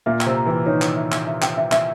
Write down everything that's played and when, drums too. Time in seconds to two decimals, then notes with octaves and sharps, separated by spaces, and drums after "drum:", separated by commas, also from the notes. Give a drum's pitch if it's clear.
0.06 A#2 A#3 E5
0.21 G5, drum: clap
0.26 C3 C4
0.36 A#5
0.47 E3 E4 G5
0.66 D#3 D#4 C#5
0.82 G5, drum: clap
0.96 E5
1.12 E5, drum: clap
1.27 E5
1.42 G5, drum: clap
1.58 E5
1.72 E5, drum: clap